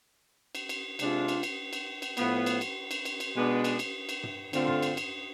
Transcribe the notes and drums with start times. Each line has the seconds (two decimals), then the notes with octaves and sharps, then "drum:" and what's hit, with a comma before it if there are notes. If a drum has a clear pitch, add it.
0.55 drum: cymbal
0.69 drum: cymbal
0.99 C3 G#3 D4 F4, drum: cymbal
1.28 drum: cymbal
1.43 drum: cymbal
1.73 drum: cymbal
2.02 drum: cymbal
2.17 A2 F3 B3, drum: cymbal
2.46 drum: cymbal
2.61 drum: cymbal
2.91 drum: cymbal
3.05 drum: cymbal
3.20 drum: cymbal
3.35 B2 G#3 B3 D4
3.64 drum: cymbal
3.79 drum: cymbal
4.09 drum: cymbal
4.23 drum: tom
4.53 D3 A3 C4 F4, drum: cymbal
4.68 drum: tom
4.82 drum: cymbal
4.97 drum: cymbal